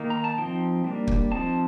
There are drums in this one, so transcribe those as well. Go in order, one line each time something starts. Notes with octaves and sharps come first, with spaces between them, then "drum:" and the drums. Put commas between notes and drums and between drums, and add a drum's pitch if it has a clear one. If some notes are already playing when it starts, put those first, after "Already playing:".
Already playing: D#3 A#3 D#4 F5
A#5
A5
F3 C4 D#4 G5
G3 A#3 D4
drum: kick
F3 C4 D#4 A5